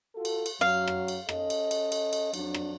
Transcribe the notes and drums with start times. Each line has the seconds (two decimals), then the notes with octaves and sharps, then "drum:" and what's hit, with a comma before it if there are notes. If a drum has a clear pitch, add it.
0.15 F4 F#4 A4
0.25 drum: cymbal
0.46 drum: cymbal
0.61 F#2 F#3 F5
0.88 drum: rim click
1.08 drum: cymbal
1.29 C#4 A4 D#5, drum: rim click
1.50 drum: cymbal
1.71 drum: cymbal
1.92 drum: cymbal
2.13 drum: cymbal
2.34 F2 F#3 D4, drum: cymbal
2.54 drum: rim click